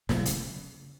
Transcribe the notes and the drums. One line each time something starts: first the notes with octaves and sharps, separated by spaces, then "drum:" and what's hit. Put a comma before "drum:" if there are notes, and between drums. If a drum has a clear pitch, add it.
B2 F#3 A3, drum: snare
C#3, drum: hi-hat